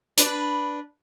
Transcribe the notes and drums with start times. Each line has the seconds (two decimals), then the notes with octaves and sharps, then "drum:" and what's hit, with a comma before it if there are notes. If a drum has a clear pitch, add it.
0.17 D4 B4 D5, drum: hi-hat